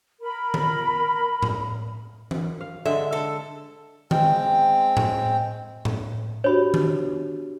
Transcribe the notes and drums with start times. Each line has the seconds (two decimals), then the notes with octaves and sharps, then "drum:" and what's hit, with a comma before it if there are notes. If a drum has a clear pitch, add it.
0.21 A#4 B5
0.54 drum: tom D#3
1.42 drum: tom A2
2.31 drum: tom E3
2.61 F5
2.85 D3 G#3 E5
3.13 A4
4.11 G#3 C4 G5, drum: tom D#3
4.97 drum: tom A2
5.85 drum: tom A2
6.44 D4 F#4 G4 C#5 B5
6.74 drum: tom D#3